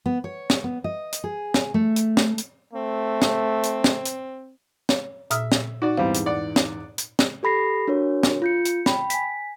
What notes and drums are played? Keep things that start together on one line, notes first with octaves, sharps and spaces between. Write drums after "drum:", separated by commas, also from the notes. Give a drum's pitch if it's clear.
B3
C#5
drum: snare
B3
D#5
drum: hi-hat
G#4
drum: snare
A3
drum: hi-hat
drum: snare
drum: hi-hat
A3 C4
drum: snare
drum: hi-hat
drum: snare
drum: hi-hat
C#5, drum: snare
A#2 E5 D#6 F6, drum: hi-hat
drum: snare
D#4 F#4 D5
E2 G#2 G3 C4 F5
drum: hi-hat
D5 F#5
drum: snare
drum: hi-hat
drum: snare
G4 A4 B5 A#6 C7
D4 F#4 A#4 C#5
drum: snare
F4 G6 C#7
drum: hi-hat
G5 B5, drum: snare
G#5 B6, drum: hi-hat